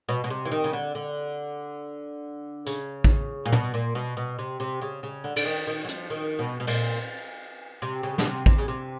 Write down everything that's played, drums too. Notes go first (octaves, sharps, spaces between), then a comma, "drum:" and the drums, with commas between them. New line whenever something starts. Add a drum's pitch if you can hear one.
B2
B2
C3
E3
D#3
C#3
D3
D3
C#3, drum: tambourine
drum: kick A1
A#2
B2, drum: tom
A#2
B2
B2
C3
C3
C#3
C#3
D3
D3, drum: cymbal
D#3
D#3
F#3
F3, drum: hi-hat
D#3
B2
B2
A#2, drum: cymbal
C3
C#3
B2, drum: snare
C3
C3, drum: kick A1
C#3
C3